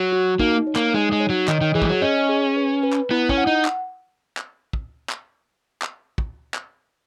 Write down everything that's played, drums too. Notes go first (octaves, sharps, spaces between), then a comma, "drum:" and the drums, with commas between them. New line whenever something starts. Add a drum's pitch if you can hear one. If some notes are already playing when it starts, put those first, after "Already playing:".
Already playing: F#3
F#4
A#3 D#4, drum: kick
C#5
A#3, drum: clap
G#3 D#4
G#3
C#5
F#3
D#3 D#5, drum: clap
D#3
E3 G#4
G#3, drum: kick
F#3
C#4 D#5
G#4
B4
B4
drum: clap
B3 E4
C#4, drum: kick
F#5
D#4
drum: clap
drum: clap
drum: kick
drum: clap
drum: clap
drum: kick
drum: clap